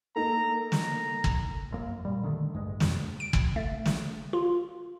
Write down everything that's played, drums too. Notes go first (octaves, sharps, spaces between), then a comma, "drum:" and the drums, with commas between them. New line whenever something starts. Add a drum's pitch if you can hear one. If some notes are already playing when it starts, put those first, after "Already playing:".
A#3 D#4 A4 A#5
A#5, drum: snare
drum: kick
G1 F#2 A#3
A#2 G3
D3 D#3 G#3 A3
A1 G2 G#3
F2 B2, drum: snare
D7
drum: kick
A3
drum: snare
F4